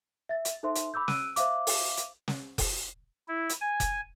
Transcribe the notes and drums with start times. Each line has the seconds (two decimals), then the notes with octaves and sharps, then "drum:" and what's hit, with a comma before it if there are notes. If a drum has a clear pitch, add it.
0.29 E5 A6
0.45 drum: hi-hat
0.63 D#4 A4 C5 E5 C6
0.75 drum: hi-hat
0.94 B5 D6 E6 G6
1.08 E6 F#6 D7 D#7, drum: snare
1.36 C5 E5 F5 D6, drum: hi-hat
1.67 drum: open hi-hat
1.97 drum: hi-hat
2.28 drum: snare
2.58 drum: kick F1, open hi-hat
3.28 E4
3.49 drum: hi-hat
3.61 G#5
3.80 drum: kick F1, hi-hat